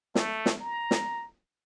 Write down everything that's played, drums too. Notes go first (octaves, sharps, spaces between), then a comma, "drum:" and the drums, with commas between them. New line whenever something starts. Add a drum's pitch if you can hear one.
A3, drum: snare
drum: snare
A#5
drum: snare